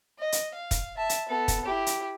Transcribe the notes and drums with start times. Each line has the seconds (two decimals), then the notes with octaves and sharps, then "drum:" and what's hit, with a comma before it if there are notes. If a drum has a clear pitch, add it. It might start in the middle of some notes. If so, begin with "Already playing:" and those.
0.19 D#5
0.32 drum: hi-hat
0.55 F5
0.71 drum: kick, hi-hat
0.97 E5 A5
1.09 drum: hi-hat
1.29 B3 A4
1.48 drum: kick, hi-hat
1.65 E4 G4
1.86 drum: hi-hat